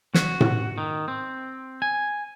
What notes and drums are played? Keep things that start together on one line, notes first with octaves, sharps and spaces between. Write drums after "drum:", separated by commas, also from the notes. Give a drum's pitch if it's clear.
F#4, drum: snare
drum: tom A2
D#3
C4
G#5